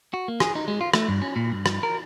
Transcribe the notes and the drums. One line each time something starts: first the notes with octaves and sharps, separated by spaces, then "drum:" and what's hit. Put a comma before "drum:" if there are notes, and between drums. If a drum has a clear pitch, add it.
F#4
A#3
G#4, drum: rim click
D#4
G#3
F4
A3, drum: rim click
G2
C#4
A#2
G2
drum: rim click
A#4